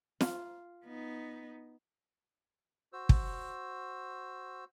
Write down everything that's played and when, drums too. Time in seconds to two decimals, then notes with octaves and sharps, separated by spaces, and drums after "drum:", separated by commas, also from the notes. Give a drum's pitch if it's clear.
0.21 F4, drum: snare
0.86 B3 D#4
2.93 F#4 C5 E6
3.09 drum: kick